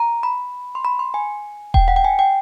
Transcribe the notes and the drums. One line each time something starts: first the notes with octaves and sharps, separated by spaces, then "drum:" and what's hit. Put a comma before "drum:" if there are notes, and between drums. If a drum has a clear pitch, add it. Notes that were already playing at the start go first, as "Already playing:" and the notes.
Already playing: A#5
B5
C6
B5
C6
G#5
G5, drum: kick D#1
F#5
G5
G#5
G5